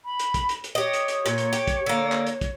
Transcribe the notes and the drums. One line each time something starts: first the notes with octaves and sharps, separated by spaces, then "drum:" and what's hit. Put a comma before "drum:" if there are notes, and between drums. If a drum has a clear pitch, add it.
B5
drum: hi-hat
drum: kick, hi-hat
drum: hi-hat
drum: hi-hat
G4 C#5 D#5
drum: hi-hat
drum: hi-hat
A#2, drum: hi-hat
drum: hi-hat
G4, drum: hi-hat
drum: kick, hi-hat
D3 A#3
drum: clap
drum: hi-hat
drum: kick, hi-hat